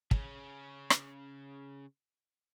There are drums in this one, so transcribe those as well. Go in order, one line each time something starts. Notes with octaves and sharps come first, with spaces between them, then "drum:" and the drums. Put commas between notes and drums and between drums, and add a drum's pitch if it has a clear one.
C#3 C#4, drum: kick
drum: rim click